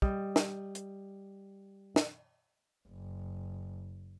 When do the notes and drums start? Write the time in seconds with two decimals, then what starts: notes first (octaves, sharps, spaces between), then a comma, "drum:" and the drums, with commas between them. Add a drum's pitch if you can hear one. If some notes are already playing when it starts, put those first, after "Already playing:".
0.02 G3 D#5, drum: kick
0.36 drum: snare
0.75 drum: hi-hat
1.96 drum: snare
2.88 F#1